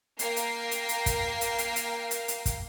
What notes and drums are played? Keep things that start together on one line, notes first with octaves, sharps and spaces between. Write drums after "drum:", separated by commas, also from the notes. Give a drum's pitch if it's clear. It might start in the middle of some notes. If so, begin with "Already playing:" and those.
A#3 A#4 F5 G5 C7, drum: hi-hat
drum: hi-hat
drum: hi-hat
drum: hi-hat
drum: kick, hi-hat
drum: hi-hat
drum: hi-hat
drum: hi-hat
drum: hi-hat
drum: hi-hat
drum: kick, hi-hat